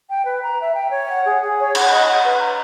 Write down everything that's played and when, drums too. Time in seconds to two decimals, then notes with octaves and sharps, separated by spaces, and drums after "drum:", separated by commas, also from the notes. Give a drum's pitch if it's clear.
0.09 G5
0.26 B4
0.42 A#5
0.60 E5
0.75 G5
0.91 C#5
1.08 F#5
1.25 G#4
1.42 G#4
1.58 C#5
1.75 F#5, drum: cymbal
1.91 D#5
2.07 F#5
2.24 B4
2.40 A#5